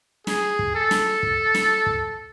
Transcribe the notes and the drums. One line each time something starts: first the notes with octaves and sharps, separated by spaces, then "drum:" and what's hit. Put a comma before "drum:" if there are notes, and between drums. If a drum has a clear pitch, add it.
G#4, drum: snare
drum: kick
A4
drum: snare
drum: kick
drum: snare
drum: kick